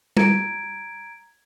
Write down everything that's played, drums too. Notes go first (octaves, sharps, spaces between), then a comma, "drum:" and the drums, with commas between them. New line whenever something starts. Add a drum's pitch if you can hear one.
A#5 G#6 D7, drum: tom